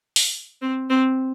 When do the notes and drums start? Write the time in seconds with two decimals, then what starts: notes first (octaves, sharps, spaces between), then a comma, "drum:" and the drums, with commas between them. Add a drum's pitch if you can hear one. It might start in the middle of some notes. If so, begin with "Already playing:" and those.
0.16 drum: open hi-hat
0.62 C4
0.90 C4